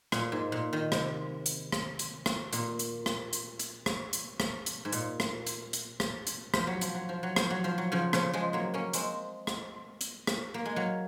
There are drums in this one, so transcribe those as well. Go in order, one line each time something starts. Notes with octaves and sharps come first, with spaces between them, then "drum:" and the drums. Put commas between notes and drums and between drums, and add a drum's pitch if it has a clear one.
A#2, drum: rim click
G#2
A#2
D#3
C3, drum: rim click
drum: hi-hat
drum: rim click
drum: hi-hat
drum: rim click
A#2, drum: hi-hat
drum: hi-hat
drum: rim click
drum: hi-hat
drum: hi-hat
drum: rim click
drum: hi-hat
drum: rim click
drum: hi-hat
G#2
A#2, drum: hi-hat
drum: rim click
drum: hi-hat
drum: hi-hat
drum: rim click
drum: hi-hat
F3, drum: rim click
F#3
F3, drum: hi-hat
F#3
F3
F#3
F3, drum: rim click
F#3
F3
F#3
C#3 F3
C#3 F3, drum: rim click
F3 G#3
F#3 A#3
A#3 C#4
G#3 C4, drum: hi-hat
drum: rim click
drum: hi-hat
drum: rim click
A#3
G#3
F#3 A#3